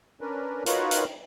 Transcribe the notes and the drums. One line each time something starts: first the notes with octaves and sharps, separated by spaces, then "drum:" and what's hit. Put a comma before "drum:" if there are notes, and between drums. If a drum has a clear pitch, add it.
C#4 D4 A#4 B4
D#4 F4 F#4 A#4 B4 C#5, drum: hi-hat
drum: hi-hat